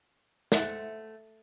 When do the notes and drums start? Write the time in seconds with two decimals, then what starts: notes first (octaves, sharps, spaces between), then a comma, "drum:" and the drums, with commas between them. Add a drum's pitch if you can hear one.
0.52 A3 C5 E5 F#5, drum: snare